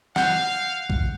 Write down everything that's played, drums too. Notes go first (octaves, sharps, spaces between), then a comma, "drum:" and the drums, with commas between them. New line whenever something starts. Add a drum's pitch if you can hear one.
F5 F#5 G6, drum: snare
drum: kick A#1